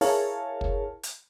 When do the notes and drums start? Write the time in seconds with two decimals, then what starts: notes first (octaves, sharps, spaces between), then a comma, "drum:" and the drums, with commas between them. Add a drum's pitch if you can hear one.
0.01 E4 G#4 A#4 C#5 F5 A5, drum: open hi-hat
0.61 drum: kick
1.03 drum: hi-hat